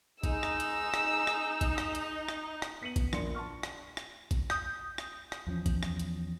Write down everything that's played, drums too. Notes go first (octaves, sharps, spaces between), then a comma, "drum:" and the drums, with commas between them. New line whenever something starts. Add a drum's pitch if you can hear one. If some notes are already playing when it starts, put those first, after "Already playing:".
G#3 D#4 A#5 E6, drum: kick, hi-hat
drum: rim click
drum: hi-hat
drum: rim click
drum: rim click
drum: kick, hi-hat
drum: rim click
drum: hi-hat
drum: rim click
drum: rim click
B3 B6 C#7 D#7 F#7
drum: kick, hi-hat
A#1 A#4 C6 C#7, drum: rim click
A5 C6 C#6 F6
drum: rim click
drum: rim click
drum: kick, hi-hat
D#6 G6, drum: rim click
drum: rim click
drum: rim click
E2 F3 C#4
drum: kick, hi-hat
drum: rim click
drum: hi-hat